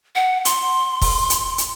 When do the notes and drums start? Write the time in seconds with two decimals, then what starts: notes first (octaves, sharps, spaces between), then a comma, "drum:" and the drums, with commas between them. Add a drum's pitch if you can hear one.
0.16 F#5
0.45 C6, drum: hi-hat
1.02 drum: kick, open hi-hat
1.30 drum: hi-hat
1.58 drum: hi-hat